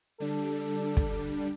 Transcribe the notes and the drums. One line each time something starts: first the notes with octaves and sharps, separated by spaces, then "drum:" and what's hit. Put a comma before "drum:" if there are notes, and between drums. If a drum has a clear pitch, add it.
D3 G3 D4 A4
drum: kick